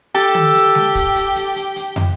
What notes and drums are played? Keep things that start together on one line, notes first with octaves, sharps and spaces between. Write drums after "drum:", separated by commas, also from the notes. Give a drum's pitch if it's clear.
G4 A4, drum: hi-hat
drum: tom
drum: hi-hat
drum: snare G#3
drum: kick, hi-hat
drum: hi-hat
drum: hi-hat
drum: hi-hat
drum: hi-hat
drum: tom